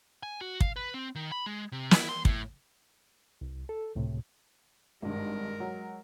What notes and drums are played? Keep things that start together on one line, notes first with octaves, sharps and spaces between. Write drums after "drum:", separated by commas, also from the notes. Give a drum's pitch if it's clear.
G#5
F#4
F5, drum: kick
B4
C4
D#3
B5
G#3
C3
E4, drum: snare
C6
A2, drum: kick
C2
A4
C#2 A2 C3
G#1 G2 G#3 A#4
F#3